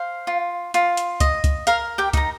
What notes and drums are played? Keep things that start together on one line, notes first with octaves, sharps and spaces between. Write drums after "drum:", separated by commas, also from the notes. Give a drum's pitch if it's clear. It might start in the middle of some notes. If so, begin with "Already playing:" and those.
Already playing: C5 F5
F4
F4, drum: hi-hat
drum: hi-hat
D#5, drum: kick C#2, hi-hat
drum: kick C#2, hi-hat
A#4 F5, drum: hi-hat
G4 G5
D#4 A#5, drum: kick C#2, hi-hat